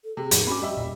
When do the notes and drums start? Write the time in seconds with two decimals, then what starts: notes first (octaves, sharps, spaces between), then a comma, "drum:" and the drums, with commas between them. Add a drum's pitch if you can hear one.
0.04 A4
0.17 C3 G#4
0.31 G#1 F2 A2 F3, drum: hi-hat
0.47 B3 C#4 F#4 B5 D6
0.61 G3 D#5 E5
0.77 E2 A#2